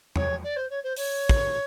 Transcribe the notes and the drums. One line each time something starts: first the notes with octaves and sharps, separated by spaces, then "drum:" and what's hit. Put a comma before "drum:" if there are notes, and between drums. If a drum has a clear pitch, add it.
C#5, drum: tom E2
D5
C5
C#5
C5
C#5, drum: open hi-hat
drum: kick